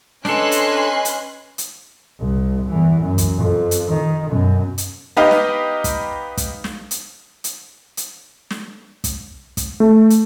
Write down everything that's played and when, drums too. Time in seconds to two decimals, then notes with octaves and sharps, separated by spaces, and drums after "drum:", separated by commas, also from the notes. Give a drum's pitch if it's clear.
0.25 C#4 D4 A4 B4 D#5 G#5 C6 F#6, drum: snare
0.52 drum: hi-hat
1.05 drum: hi-hat
1.58 drum: hi-hat
2.20 C2
2.70 E2 E3
3.02 F#2
3.18 drum: kick, hi-hat
3.37 F2
3.71 drum: hi-hat
3.88 D#3
4.30 F#2 B2
4.78 drum: hi-hat
5.17 B3 D#4 G4 B4 D#5 F5
5.31 drum: snare
5.84 drum: kick, hi-hat
6.37 drum: kick, hi-hat
6.64 drum: snare
6.91 drum: hi-hat
7.44 drum: hi-hat
7.97 drum: hi-hat
8.50 drum: snare
9.04 drum: kick, hi-hat
9.57 drum: kick, hi-hat
9.80 A3
10.10 drum: hi-hat